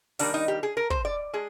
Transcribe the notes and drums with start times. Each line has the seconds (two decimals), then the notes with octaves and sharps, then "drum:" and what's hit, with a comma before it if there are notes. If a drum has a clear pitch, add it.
0.19 D#3 G3 A#3 D4, drum: open hi-hat
0.34 D#4
0.48 G4
0.63 G#4
0.77 A#4
0.90 C5, drum: kick
1.05 D5
1.34 G#3 G#4